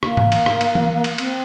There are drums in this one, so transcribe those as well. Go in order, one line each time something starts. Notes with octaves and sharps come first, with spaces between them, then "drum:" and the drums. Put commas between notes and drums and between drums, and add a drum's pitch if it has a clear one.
A#3, drum: rim click
drum: tom G#2
drum: cymbal
drum: rim click
drum: cymbal
drum: tom E3
drum: cymbal
C4, drum: cymbal